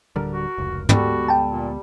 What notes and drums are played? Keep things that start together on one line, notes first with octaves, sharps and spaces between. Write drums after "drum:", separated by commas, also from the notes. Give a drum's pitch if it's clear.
D1 D3 G3 A#4
F#4
F1 C#2
D2 G3 G#3 B3 F#4 A4, drum: tom
G5 A5
A#2